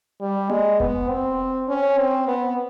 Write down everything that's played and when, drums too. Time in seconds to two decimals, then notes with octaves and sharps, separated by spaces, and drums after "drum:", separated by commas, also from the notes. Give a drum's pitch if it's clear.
0.21 G3
0.50 G#3, drum: tom A#3
0.80 B3, drum: kick F1
1.09 C4
1.68 C#4
1.98 C4
2.28 B3